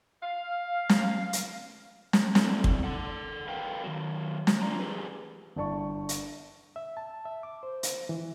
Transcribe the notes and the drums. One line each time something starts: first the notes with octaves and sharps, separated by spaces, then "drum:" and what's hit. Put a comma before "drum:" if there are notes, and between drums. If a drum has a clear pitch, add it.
F5
drum: snare
drum: hi-hat
drum: snare
C4 E4 A4 D5, drum: snare
drum: kick
A4 F#5
A#4 B4 F5 G5
D#3 F#3
drum: snare
G3 G#3 D4 F4 D5 A#5
E3 G4 G#4 B4
G1 E4 D5 A5 C#6
drum: hi-hat
E5
A5
E5
D6
C5
drum: hi-hat
E3